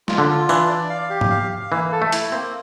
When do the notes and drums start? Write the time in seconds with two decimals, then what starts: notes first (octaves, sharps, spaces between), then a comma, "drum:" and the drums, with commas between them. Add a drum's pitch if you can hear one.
0.08 F4, drum: snare
0.18 D3
0.28 F4
0.49 E3 D4, drum: tambourine
0.69 D5
0.90 F5
1.10 G4
1.21 drum: tom
1.30 F5
1.51 F5
1.72 E3 A#3
1.92 A4
2.02 A3
2.12 E4, drum: hi-hat
2.32 A#3 C4